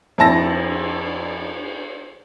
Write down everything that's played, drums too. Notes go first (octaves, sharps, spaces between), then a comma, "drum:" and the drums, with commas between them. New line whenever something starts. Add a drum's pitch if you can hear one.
F2 E4 A5 A#6, drum: cymbal